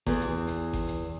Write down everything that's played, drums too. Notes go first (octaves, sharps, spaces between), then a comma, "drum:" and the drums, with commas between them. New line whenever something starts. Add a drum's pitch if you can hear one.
E2, drum: kick G#1, hi-hat
drum: hi-hat
drum: hi-hat
drum: kick G#1, hi-hat
drum: hi-hat